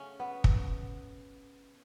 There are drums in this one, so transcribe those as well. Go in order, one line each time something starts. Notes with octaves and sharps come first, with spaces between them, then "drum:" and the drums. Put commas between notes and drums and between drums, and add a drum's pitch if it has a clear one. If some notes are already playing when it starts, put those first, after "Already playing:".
Already playing: C#3 F#3 A3 C#4
B3
drum: kick